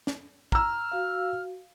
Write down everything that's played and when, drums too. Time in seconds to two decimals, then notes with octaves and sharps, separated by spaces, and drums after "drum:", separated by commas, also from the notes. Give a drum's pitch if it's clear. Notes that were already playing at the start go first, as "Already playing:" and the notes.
0.07 drum: snare
0.52 A#5 E6 F6, drum: kick
0.92 F#4 F5